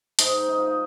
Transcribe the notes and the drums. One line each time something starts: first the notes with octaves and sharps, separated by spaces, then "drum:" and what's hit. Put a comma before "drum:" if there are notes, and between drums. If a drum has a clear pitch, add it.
G#2 D#4, drum: hi-hat
D#4
F4
D#4